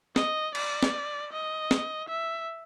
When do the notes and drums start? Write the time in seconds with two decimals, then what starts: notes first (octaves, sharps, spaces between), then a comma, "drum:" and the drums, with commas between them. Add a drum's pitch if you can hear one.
0.16 D#5, drum: snare
0.55 D5, drum: cymbal
0.83 drum: snare
1.33 D#5
1.71 drum: snare
2.09 E5